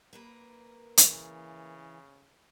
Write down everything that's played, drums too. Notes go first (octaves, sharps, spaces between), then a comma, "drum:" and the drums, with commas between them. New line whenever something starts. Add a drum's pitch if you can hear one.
A#3 A#4 B4
C#3 E3, drum: hi-hat